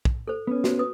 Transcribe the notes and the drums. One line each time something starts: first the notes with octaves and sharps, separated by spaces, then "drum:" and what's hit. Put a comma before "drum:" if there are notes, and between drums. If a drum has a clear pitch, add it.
drum: kick
A4 C5
B3 C#4
F#4 C5, drum: snare
B4 D#6